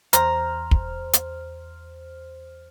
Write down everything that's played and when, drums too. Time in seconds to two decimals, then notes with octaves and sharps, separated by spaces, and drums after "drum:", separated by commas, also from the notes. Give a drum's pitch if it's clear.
0.13 E2 C5 A#5 F6, drum: hi-hat
0.71 drum: kick
1.13 drum: hi-hat